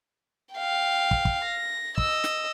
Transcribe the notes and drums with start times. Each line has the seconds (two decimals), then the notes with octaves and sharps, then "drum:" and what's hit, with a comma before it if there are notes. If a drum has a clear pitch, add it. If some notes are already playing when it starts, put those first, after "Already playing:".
0.55 F5 G5
1.11 drum: kick
1.25 drum: kick
1.45 A#6
1.98 D#5 E6, drum: kick
2.24 drum: snare